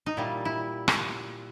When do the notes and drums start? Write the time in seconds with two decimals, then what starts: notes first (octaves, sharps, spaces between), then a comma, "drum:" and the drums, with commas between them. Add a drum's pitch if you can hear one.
0.06 D#4
0.17 A#2 G3 E4
0.45 E4
0.88 drum: rim click